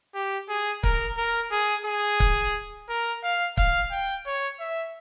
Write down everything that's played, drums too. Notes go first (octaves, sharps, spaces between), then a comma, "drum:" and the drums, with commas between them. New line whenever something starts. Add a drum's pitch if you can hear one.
G4
G#4
A#4, drum: kick C#1
A#4
G#4
G#4
drum: kick C#1
A#4
F5
F5, drum: kick C#1
G5
C#5
E5